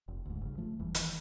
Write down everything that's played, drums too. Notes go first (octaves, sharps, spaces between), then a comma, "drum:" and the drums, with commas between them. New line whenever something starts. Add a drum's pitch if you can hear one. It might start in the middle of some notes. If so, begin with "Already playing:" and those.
F1
D2 G#2
G1 C#3
F3 A3
F1 E2 E3 G3
D#3 E3, drum: hi-hat